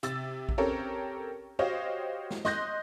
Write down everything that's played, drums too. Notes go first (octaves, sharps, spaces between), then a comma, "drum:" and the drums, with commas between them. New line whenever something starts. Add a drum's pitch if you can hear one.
C3 E6 A6, drum: hi-hat
drum: kick A#1
C4 C#4 G4 A4 A#4 C#5
F#4 G4 C5 C#5 D#5 F5
drum: snare
D#5 C6 F#6 G6 A#6, drum: snare